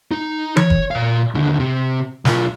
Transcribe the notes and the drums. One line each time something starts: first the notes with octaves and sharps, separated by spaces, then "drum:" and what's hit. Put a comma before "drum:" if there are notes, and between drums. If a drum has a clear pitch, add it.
D#4
C#5, drum: tom E3
drum: kick F#1
A#2 F5
D#2 D3
C3
B1 F4, drum: snare